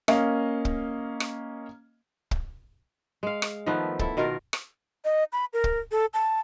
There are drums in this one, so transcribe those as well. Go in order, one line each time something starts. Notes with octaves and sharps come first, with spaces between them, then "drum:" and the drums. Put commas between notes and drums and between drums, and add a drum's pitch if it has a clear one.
A#3 C#4 D#5 F5, drum: rim click
drum: kick
drum: rim click
drum: kick
G#3 F5
drum: rim click
D#3 F3 A3 B3
E4 A4, drum: kick
B2 D#3 F4 A#4
drum: rim click
D#5
B5
A#4
drum: kick
A4
A5